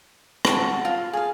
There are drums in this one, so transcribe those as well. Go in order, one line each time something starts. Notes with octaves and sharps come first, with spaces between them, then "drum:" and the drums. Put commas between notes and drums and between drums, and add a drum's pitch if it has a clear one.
C#5 F#5 A5, drum: rim click
F4
G#4 F5